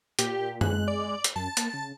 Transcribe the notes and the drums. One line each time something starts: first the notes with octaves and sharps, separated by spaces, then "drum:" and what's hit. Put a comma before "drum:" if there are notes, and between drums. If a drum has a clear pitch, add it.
A#2 G4, drum: hi-hat
G#3 F#6, drum: tom F#2
D5
drum: hi-hat
F#2 A5
A#3, drum: hi-hat
C#3